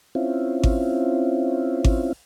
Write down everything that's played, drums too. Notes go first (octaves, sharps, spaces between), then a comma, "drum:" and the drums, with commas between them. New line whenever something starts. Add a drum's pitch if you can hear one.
C4 C#4 E4 F4
drum: kick G#1
drum: kick G#1